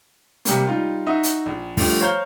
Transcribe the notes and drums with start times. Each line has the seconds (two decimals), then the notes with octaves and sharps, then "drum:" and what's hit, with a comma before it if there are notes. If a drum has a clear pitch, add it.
0.45 C3 G3 A#3, drum: hi-hat
0.67 G3 D#4 F4
1.06 D#4 F#4 E5 D#6
1.23 drum: hi-hat
1.46 A#1
1.77 D3 F3 G3 A3, drum: kick, open hi-hat
2.00 C5 C#5 F5 A#5 F6 G6